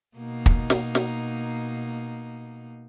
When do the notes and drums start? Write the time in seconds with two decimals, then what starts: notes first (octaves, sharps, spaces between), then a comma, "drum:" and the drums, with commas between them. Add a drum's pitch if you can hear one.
0.17 B2 A#3 D#4
0.46 drum: kick
0.70 drum: snare
0.95 drum: snare